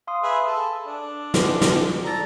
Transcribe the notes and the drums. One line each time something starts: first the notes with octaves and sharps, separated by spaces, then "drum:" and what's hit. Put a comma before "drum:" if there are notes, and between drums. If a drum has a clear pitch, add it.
F5 C6 D#6
G#4 B4 E5
A4 E6
D4
F4 G#4 B4, drum: snare
drum: snare
A4 D5 A#5 A6